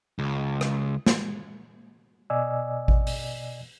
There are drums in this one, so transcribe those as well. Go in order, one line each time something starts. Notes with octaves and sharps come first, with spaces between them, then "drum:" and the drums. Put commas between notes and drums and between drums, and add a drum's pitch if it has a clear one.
C#2
drum: rim click
drum: snare
B2 D5 D#5 G#5 E6
drum: kick A1
drum: open hi-hat